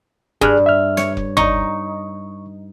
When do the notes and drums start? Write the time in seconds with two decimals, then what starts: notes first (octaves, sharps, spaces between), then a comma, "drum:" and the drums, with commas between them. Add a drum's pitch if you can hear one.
0.41 G2 G#4 F6 F#6, drum: kick F1
0.66 E5 F6
0.97 C#5, drum: snare
1.17 drum: kick F1
1.37 D#4 C#6, drum: tom G1